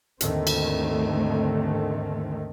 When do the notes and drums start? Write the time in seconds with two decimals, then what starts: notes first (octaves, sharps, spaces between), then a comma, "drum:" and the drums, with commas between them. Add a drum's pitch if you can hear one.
0.21 D#2 G#2 D3 D#3 A3 C4, drum: hi-hat
0.47 drum: cymbal